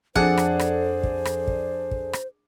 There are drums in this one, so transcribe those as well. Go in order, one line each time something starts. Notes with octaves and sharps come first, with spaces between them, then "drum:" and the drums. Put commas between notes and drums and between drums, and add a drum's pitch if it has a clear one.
F2 D4 G#4 A4 C5 D5 F#5, drum: kick
drum: rim click
drum: rim click
drum: kick
drum: rim click
drum: kick
drum: kick
drum: rim click